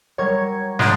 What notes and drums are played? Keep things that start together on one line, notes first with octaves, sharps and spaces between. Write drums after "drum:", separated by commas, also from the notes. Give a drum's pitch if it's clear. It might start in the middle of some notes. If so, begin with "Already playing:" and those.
F#3 G3 A#4 C#5 C#6 G#6
F3 G#3 D4 F#5, drum: snare